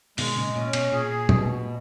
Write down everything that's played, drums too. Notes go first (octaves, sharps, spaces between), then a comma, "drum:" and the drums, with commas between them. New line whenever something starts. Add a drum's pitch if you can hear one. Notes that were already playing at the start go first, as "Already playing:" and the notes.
B2 D#3 G#3, drum: open hi-hat
A#2 C#3
A#2 C#4
B2, drum: cymbal
A#2 G#4
B2, drum: tom